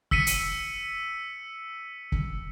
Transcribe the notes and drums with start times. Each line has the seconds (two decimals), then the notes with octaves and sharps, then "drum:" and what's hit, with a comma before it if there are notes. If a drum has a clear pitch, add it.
0.11 E6 B6 C#7 D#7, drum: kick
0.27 drum: hi-hat
2.12 drum: kick